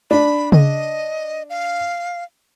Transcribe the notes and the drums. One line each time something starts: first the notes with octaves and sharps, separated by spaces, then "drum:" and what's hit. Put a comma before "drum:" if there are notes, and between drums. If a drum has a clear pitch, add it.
D4 B5
D#5, drum: tom C#3
F5